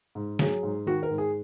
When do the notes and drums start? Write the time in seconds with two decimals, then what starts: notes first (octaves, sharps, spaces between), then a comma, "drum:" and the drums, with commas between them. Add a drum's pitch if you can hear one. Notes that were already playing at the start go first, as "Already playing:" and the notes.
0.15 G#2
0.39 F#3 G#4, drum: snare
0.63 G#2
0.86 D#3 F#4
1.03 A#4
1.10 G#2
1.18 G#4